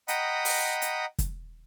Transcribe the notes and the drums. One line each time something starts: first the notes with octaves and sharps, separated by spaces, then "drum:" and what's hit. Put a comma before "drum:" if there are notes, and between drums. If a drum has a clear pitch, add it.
D#5 F#5 G5 A#5 B5 D#6, drum: hi-hat
drum: open hi-hat
drum: hi-hat
drum: kick, hi-hat